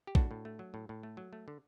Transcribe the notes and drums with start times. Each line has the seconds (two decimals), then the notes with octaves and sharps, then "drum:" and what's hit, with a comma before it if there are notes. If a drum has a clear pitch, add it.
0.07 G4
0.15 A2 D4 F#4, drum: kick
0.31 A2
0.45 A3
0.59 F#3
0.74 A2
0.89 A2
1.03 A3
1.17 F#3
1.33 A3
1.48 D3